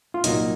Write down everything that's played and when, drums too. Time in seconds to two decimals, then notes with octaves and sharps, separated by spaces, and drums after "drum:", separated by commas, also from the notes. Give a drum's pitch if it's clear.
0.14 F4
0.24 C2 A#2 F#3 A#3 D#4, drum: hi-hat